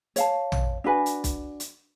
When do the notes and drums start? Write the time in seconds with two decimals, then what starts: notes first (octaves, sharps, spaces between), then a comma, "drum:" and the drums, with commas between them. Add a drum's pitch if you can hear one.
0.16 C#5 F5 A5, drum: hi-hat
0.52 drum: tom A#1
0.84 D4 F#4 B4 G#5
1.06 drum: hi-hat
1.24 drum: kick B1, hi-hat
1.60 drum: hi-hat